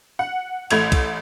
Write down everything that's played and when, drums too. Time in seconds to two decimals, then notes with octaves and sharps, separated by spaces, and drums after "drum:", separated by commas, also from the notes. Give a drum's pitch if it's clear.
0.19 F#5
0.71 A1 A3 G#6 F7, drum: cymbal
0.92 drum: kick, cymbal